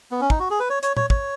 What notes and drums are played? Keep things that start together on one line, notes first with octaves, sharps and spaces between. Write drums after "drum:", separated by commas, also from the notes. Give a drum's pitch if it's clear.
B3
C#4
D#4, drum: kick
F#4
G#4
B4
C#5
C#5, drum: hi-hat
C#5, drum: tom
C#5, drum: kick